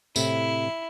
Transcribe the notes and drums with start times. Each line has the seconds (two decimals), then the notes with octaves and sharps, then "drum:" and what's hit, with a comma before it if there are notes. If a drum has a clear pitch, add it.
0.16 A2 C3 E4, drum: tambourine